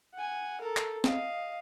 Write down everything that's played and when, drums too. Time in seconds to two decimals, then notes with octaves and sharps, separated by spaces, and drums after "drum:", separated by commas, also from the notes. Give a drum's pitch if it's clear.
0.14 F#5 G#5
0.61 A4 A#4
0.77 drum: clap
1.04 D#5 F5, drum: snare